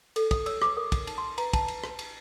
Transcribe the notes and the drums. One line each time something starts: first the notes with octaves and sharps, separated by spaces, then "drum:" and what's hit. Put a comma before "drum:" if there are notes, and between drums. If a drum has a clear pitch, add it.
A4, drum: cymbal
D#6, drum: kick, cymbal
C#5 E6, drum: cymbal
D6, drum: rim click
A#4 D#6
drum: kick, cymbal
D#4, drum: cymbal
C6
B4 A#5, drum: cymbal
A5, drum: kick, cymbal
drum: cymbal
drum: rim click
drum: cymbal